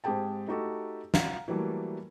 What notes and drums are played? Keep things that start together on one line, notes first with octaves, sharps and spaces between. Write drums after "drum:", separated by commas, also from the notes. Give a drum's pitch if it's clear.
G#2 C4 G4 G#4 G5 A5
A3 D#4 F#4 G4 A4
F5 F#5 A#5, drum: snare
E3 F#3 G3 A3 A#3